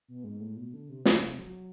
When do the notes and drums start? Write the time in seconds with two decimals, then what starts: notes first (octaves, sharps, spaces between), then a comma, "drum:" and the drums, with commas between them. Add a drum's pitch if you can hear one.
0.08 B2
0.24 G#2
0.41 A2
0.57 B2
0.74 D3
0.89 C3
1.05 C3, drum: snare
1.22 C3
1.39 F#3